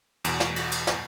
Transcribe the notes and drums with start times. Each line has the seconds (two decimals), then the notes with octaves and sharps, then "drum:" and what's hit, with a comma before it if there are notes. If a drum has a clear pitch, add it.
0.24 E2 B2, drum: cymbal
0.40 drum: snare
0.56 drum: cymbal
0.71 drum: cymbal
0.87 drum: snare